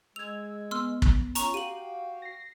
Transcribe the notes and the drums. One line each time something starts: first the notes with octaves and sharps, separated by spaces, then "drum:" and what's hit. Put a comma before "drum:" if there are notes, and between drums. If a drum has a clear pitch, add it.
G#3 E6 G#6 F7
B3 C6 E6 F6
drum: kick
C#4 F4 A#5 C#6, drum: hi-hat
F#4 G4 F5 G5 D#7 F#7
A#6 C7